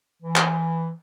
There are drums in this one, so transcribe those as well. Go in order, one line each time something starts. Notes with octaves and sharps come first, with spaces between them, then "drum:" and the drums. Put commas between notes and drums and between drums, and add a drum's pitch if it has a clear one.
E3
drum: clap